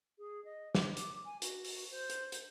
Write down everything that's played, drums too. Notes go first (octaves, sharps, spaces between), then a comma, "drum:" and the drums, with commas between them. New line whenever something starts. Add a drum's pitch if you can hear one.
G#4
D#5
D6, drum: snare
drum: hi-hat
G#5
F#4, drum: hi-hat
drum: open hi-hat
C5
drum: hi-hat
drum: hi-hat